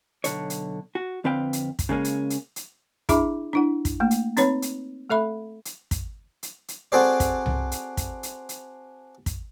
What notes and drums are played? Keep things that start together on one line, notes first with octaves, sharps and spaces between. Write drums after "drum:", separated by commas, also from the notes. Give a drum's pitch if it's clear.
B1 D3 C#5, drum: hi-hat
drum: hi-hat
F#4
F2 D3 C4 B4 F5 G5
drum: hi-hat
drum: kick, hi-hat
C#3 G#3 A#3 C#4
drum: hi-hat
drum: hi-hat
drum: hi-hat
D4 E4 G#4 E5 B5 D6, drum: kick, hi-hat
D4 E4 F#5
drum: kick, hi-hat
A3 A#3
drum: hi-hat
C4 D#4 B4 C#5 B5, drum: hi-hat
drum: hi-hat
A3 A4 E5 B5
drum: hi-hat
drum: kick, hi-hat
drum: hi-hat
drum: hi-hat
C4 F#4 G#4 A4 C5 D5
drum: kick, hi-hat
drum: tom C2
drum: hi-hat
drum: kick, hi-hat
drum: hi-hat
drum: hi-hat
drum: kick, hi-hat